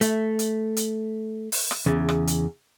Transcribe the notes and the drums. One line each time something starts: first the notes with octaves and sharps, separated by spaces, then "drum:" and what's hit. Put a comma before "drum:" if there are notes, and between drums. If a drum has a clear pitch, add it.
A3, drum: hi-hat
drum: hi-hat
drum: hi-hat
drum: open hi-hat
drum: rim click
E2 C#3
drum: rim click
drum: hi-hat